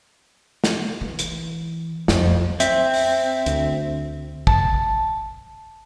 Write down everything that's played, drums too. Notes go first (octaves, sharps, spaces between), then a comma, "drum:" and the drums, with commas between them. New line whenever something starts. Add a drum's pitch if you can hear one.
drum: snare
E3
drum: hi-hat
F2, drum: snare
C4 E5, drum: hi-hat
drum: open hi-hat
D2, drum: hi-hat
A5, drum: kick